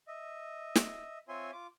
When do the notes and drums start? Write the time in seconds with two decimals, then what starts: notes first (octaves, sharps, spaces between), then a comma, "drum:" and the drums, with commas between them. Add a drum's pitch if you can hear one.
0.08 D#5 E5
0.75 drum: snare
1.28 C4 F4 C#5 E5 G#5 C6
1.53 F4 D6